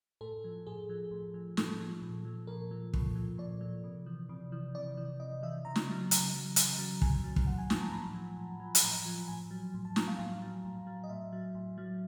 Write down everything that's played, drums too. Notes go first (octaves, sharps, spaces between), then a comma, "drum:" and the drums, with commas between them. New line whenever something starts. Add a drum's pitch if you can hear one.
A2 A4
F3
A2 G#4
F3
A2
F3
A2 A4, drum: snare
F3
A#2
F3
A#2 A#4
F3
A#2, drum: kick
F3
A#2 D5
F3
C3
E3
C3
E3
C3 D5
E3
C3 D#5
E3 E5
C#3 A#5
drum: snare
F#3
C#3 A#5, drum: hi-hat
F#3
C#3, drum: hi-hat
F#3
C#3 G#5, drum: kick
F#3
drum: kick
A2 F#5
G#5
F3 A5, drum: snare
A#5
A2 B5
F3
A2
F3
B5, drum: hi-hat
A2 A#5
F3
A2 G#5
F#3
A2
A5
F#3 A#5, drum: snare
F5
A2
F#3
A2
F#3
D#5
A2 E5
F#3
A2
F#3